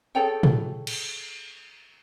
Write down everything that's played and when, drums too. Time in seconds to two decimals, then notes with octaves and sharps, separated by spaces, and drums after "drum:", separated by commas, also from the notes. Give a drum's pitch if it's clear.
0.15 G#4 A4 C#5 G5
0.43 drum: tom
0.87 drum: cymbal